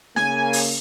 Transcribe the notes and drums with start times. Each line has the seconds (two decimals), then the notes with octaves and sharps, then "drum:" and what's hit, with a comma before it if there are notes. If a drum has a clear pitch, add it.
0.16 C#3 A#3 G#5, drum: snare
0.53 drum: open hi-hat